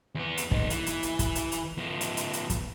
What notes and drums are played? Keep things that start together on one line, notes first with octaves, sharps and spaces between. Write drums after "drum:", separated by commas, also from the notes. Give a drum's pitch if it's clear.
E2 B3
drum: hi-hat
A#2 D#4, drum: kick
E3, drum: hi-hat
drum: hi-hat
drum: hi-hat
drum: kick, hi-hat
drum: hi-hat
drum: hi-hat
F3 B3
drum: hi-hat
drum: hi-hat
drum: hi-hat
drum: kick, hi-hat